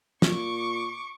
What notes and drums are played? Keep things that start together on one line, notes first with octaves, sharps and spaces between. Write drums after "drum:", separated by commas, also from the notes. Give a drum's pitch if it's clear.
A#2 C#6 D6, drum: snare